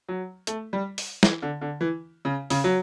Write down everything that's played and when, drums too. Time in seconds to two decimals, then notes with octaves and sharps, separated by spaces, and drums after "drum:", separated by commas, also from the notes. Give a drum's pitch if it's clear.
0.09 F#3
0.47 A3, drum: hi-hat
0.73 G3
0.98 drum: open hi-hat
1.23 E3, drum: snare
1.42 D3
1.61 D3
1.81 E3
2.25 C#3
2.50 C#3, drum: open hi-hat
2.64 F#3